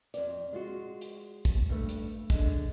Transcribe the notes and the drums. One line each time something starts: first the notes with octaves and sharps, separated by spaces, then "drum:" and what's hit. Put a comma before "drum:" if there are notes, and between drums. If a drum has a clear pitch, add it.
F2 D5, drum: hi-hat
G#3 F4 F#4
drum: hi-hat
drum: kick, hi-hat
G2 A3
drum: hi-hat
D3 G#3, drum: kick, hi-hat